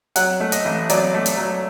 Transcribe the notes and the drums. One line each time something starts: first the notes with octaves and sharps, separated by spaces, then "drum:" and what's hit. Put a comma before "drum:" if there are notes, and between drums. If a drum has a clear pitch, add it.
F#3 F#5, drum: hi-hat
A3
D#5, drum: hi-hat
A1
F#3 D5, drum: hi-hat
A3
drum: hi-hat
F#3